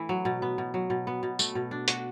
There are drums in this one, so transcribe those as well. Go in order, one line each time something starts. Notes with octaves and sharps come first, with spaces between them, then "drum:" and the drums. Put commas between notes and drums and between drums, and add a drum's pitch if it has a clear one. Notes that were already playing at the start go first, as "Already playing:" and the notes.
Already playing: E3 A3 E4
F#3
B2
B3
B2
F#3
B2
B3
B2
A3, drum: tambourine
B2
D4
F#4, drum: hi-hat